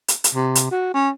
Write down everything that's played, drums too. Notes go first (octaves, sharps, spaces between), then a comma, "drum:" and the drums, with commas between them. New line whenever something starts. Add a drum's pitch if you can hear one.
drum: hi-hat
drum: hi-hat
C3
drum: hi-hat
F#4
C#4